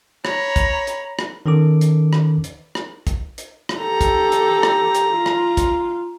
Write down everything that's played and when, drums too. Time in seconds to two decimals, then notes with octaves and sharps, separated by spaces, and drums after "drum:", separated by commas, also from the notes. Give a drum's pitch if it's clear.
0.25 C#5 A#5 B5, drum: rim click
0.56 drum: kick, hi-hat
0.87 drum: hi-hat
1.19 drum: rim click
1.46 D#3 C#4 A4 D6
1.81 drum: hi-hat
2.13 drum: rim click
2.44 drum: hi-hat
2.75 drum: rim click
3.07 drum: kick, hi-hat
3.38 drum: hi-hat
3.69 drum: rim click
3.79 G4 A4 A#5
4.01 drum: kick, hi-hat
4.32 drum: hi-hat
4.63 drum: rim click
4.95 drum: hi-hat
5.13 F4
5.26 drum: rim click
5.57 drum: kick, hi-hat